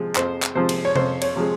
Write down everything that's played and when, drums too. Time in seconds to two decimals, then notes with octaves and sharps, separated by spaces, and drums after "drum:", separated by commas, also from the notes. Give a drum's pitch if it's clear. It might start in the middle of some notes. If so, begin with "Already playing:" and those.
Already playing: C3 F3 G#3
0.16 F2 C5, drum: clap
0.43 drum: clap
0.55 C3 F3 G#3 C5
0.69 drum: cymbal
0.85 C#5
0.96 F2 C5, drum: tom C3
1.22 C#5, drum: cymbal
1.36 C3 F3 G#3